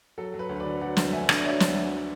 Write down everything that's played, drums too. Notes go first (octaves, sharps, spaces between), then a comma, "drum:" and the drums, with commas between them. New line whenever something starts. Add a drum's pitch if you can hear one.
F#3 A4
F#3
B4
D2
B4 D5
D3
F#3 D5 F#5
D2, drum: snare
D2 E5 G#5
D3, drum: rim click
D5
F#3 C#5 E5
D2, drum: snare
D3